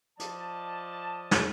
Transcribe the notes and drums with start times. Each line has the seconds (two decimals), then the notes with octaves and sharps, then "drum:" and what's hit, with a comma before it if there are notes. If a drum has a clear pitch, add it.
0.19 F3 D5 D#5 A5, drum: hi-hat
1.31 drum: snare